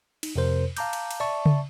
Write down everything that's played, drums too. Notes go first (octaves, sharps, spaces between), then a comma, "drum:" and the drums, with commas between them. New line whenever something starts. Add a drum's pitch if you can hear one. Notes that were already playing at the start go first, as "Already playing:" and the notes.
D#4, drum: cymbal
F2 C3 A#4 C5
F5 A5 A#5 D6 G6, drum: cymbal
drum: cymbal
drum: cymbal
D5 E5 A5 C#6
drum: tom C#3